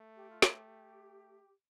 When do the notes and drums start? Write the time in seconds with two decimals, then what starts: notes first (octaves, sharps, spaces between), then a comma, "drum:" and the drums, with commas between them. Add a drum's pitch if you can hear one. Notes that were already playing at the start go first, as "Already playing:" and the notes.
Already playing: A3
0.15 G4
0.29 F4
0.42 G4, drum: snare